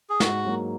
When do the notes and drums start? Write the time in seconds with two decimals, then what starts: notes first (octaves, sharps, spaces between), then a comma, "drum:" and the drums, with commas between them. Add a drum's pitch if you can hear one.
0.10 G#4
0.20 G#2 F#4, drum: snare
0.45 F#3 A#3